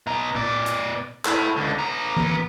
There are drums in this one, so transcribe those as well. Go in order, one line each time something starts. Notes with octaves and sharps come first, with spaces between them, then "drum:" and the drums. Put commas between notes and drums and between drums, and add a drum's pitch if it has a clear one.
B2 A#5
B2 D5, drum: tom A2
drum: hi-hat
E4 A4, drum: clap
C#2 D3
B3 A#5
drum: tom E3